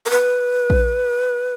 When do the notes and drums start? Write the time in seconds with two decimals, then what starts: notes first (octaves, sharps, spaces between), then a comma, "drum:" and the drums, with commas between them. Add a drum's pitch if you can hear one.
0.06 A#4
0.10 B4
0.70 drum: kick A#1